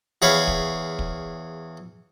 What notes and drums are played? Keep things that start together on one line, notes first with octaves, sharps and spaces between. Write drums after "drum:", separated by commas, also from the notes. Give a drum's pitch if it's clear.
E2 G#4 C#5 F5 B5
drum: kick
drum: kick